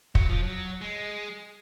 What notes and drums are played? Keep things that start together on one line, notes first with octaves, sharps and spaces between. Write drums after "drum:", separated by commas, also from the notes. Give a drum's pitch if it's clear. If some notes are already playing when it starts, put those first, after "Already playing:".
F#3, drum: kick
F3
F#3
G#3